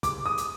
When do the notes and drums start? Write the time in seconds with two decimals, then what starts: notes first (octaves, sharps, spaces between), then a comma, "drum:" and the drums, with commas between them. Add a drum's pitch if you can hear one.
0.03 D6, drum: kick, hi-hat
0.26 D#6
0.38 drum: hi-hat